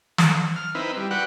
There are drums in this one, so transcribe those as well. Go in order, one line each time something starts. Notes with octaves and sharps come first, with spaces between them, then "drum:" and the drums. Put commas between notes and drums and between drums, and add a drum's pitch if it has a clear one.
drum: snare
F6
C4 D#4 E4 B4
G3
F#4 B4 D5 F#5 G5